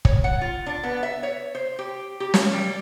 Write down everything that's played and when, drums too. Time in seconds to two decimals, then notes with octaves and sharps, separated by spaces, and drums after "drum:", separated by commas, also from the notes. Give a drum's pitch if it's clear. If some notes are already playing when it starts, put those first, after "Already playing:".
0.05 C#5, drum: kick
0.24 F#5
0.41 F4
0.66 D4
0.83 B3
1.03 E5
1.23 C#5
1.55 C5
1.79 G4
2.20 G4
2.34 C#5, drum: snare
2.53 G3